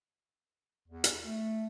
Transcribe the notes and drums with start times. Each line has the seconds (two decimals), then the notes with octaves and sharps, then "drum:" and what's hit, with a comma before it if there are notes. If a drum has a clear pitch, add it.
0.89 E2
1.04 drum: hi-hat
1.25 A3